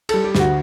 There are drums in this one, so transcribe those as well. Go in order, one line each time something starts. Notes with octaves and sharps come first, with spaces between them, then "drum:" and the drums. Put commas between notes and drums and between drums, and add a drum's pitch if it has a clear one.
G3 A4, drum: cymbal
G4
D2, drum: snare
F#4